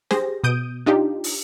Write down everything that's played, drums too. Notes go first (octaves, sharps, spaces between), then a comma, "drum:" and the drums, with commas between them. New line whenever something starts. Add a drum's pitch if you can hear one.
G4 G#4 C5 A#6, drum: snare
B2 D#6 G6 D7 D#7
D4 D#4 F4 G4
drum: open hi-hat